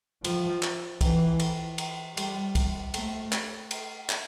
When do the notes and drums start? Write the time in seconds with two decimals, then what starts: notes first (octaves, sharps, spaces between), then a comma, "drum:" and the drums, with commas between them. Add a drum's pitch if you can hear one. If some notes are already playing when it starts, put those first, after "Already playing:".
0.24 F3, drum: cymbal
0.63 drum: clap
1.01 E3, drum: kick, cymbal
1.40 drum: cymbal
1.78 drum: cymbal
2.17 G3, drum: cymbal
2.55 drum: kick, cymbal
2.94 A3, drum: cymbal
3.32 drum: clap
3.71 drum: cymbal
4.09 drum: clap